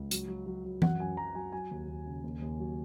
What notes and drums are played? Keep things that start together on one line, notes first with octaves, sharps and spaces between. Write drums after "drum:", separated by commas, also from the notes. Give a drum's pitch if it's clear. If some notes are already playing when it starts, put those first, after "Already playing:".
Already playing: C#2
F#3, drum: hi-hat
F#3
F#3
F#3
F#2 F#5, drum: tom E3
F#2 G#5
F#2 A#5
F#3 G#5
F#3 G#5
D#2
D#2
C#3
D#2
D#2
F#3